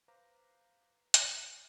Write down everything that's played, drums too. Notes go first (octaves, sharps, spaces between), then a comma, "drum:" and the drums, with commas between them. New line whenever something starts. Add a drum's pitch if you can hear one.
B4 C5 F5 A#5 D6
drum: hi-hat